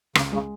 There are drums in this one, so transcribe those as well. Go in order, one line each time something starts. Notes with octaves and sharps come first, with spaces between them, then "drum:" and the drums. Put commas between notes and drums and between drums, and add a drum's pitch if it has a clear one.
C#2 C#3, drum: rim click
C#3 G#3